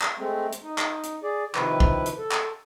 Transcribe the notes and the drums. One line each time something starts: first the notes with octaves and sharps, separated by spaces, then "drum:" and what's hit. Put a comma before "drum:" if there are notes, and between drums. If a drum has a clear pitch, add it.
drum: clap
G#3 A3 C4
drum: hi-hat
D#4
drum: clap
drum: hi-hat
G#4 D5
C3 D#3 F3 E4 B4, drum: clap
drum: kick
drum: hi-hat
A4
drum: clap